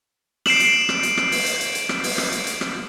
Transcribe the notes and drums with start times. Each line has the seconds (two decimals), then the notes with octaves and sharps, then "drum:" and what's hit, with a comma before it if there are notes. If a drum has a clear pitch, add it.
0.46 C7 D7 E7 F#7, drum: rim click
0.60 drum: hi-hat
0.89 drum: rim click
1.03 drum: hi-hat
1.17 drum: rim click
1.32 drum: open hi-hat
1.46 drum: hi-hat
1.61 drum: hi-hat
1.75 drum: hi-hat
1.89 drum: rim click
2.04 drum: open hi-hat
2.18 drum: rim click
2.32 drum: hi-hat
2.47 drum: hi-hat
2.61 drum: rim click